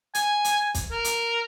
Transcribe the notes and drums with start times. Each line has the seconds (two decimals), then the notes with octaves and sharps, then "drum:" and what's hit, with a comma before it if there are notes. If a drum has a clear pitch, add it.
0.15 G#5, drum: hi-hat
0.45 drum: hi-hat
0.74 drum: kick, hi-hat
0.91 A#4
1.04 drum: hi-hat